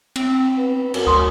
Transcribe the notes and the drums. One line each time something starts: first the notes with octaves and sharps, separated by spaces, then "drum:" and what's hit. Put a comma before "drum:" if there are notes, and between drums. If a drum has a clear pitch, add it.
C4, drum: cymbal
B3
F#2, drum: cymbal
D2 C6 D#6